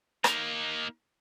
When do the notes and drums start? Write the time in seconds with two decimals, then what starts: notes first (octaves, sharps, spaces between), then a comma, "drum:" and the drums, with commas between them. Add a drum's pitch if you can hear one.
0.24 A#3 D#4, drum: rim click